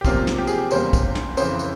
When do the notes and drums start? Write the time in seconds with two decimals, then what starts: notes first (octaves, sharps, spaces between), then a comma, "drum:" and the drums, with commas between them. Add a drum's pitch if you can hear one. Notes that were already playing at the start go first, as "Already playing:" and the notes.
0.01 G4
0.05 E2 C3 F3 A#3 F4, drum: kick, tambourine
0.27 drum: snare
0.38 G4
0.47 G#4, drum: tambourine
0.58 G4
0.71 E2 C#3 G3 A#3 C5, drum: tambourine
0.93 drum: kick, tambourine
1.15 drum: snare
1.37 F2 C#3 E3 C5, drum: tambourine
1.59 drum: tambourine